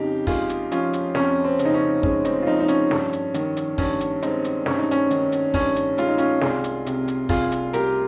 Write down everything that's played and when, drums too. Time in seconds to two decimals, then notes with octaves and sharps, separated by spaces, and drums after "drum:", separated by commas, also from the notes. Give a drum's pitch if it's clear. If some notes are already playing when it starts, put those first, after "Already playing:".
Already playing: F2 C#3 D#4 G4
0.27 G#3 F4 G#4, drum: kick, open hi-hat
0.49 drum: hi-hat
0.72 F3 C#4 F4, drum: hi-hat
0.93 drum: hi-hat
1.15 F2 C#4, drum: snare
1.44 C4
1.59 C#3, drum: hi-hat
1.65 D#4
1.74 C#4
2.03 G#3 C#4, drum: kick
2.25 C4 D#4, drum: hi-hat
2.42 F4
2.47 F3 C4 D#4
2.60 D#4
2.68 C#4, drum: hi-hat
2.91 G2, drum: snare
3.13 drum: hi-hat
3.34 D#3, drum: hi-hat
3.57 drum: hi-hat
3.78 G2 C#4, drum: kick, open hi-hat
4.01 drum: hi-hat
4.22 G#3 C4 D#4, drum: hi-hat
4.44 drum: hi-hat
4.66 G2 C#4, drum: snare
4.79 D#4
4.91 C#4, drum: hi-hat
5.11 D#3, drum: hi-hat
5.32 drum: hi-hat
5.54 G2 C#4, drum: kick, open hi-hat
5.76 drum: hi-hat
5.98 G#3 F4, drum: hi-hat
6.08 D#4
6.18 C#4 F4, drum: hi-hat
6.41 C2 F4 G#4, drum: snare
6.64 drum: hi-hat
6.86 C3, drum: hi-hat
7.08 drum: hi-hat
7.29 C2 F4 G#4, drum: kick, open hi-hat
7.52 drum: hi-hat
7.73 G3 G4 A#4, drum: hi-hat